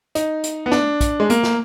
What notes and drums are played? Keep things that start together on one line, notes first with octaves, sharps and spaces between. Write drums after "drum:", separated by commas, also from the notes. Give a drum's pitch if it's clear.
D#4, drum: hi-hat
drum: hi-hat
B3
D4, drum: snare
drum: kick, hi-hat
G#3
A#3, drum: hi-hat
drum: snare